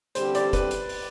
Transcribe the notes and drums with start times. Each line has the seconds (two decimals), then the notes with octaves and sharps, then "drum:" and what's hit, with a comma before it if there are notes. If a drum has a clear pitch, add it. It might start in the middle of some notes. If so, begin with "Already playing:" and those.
0.15 E2 D3 G3 C4 G4 C5, drum: hi-hat
0.35 D5, drum: hi-hat
0.53 B4, drum: kick F1, hi-hat
0.71 drum: hi-hat
0.89 drum: open hi-hat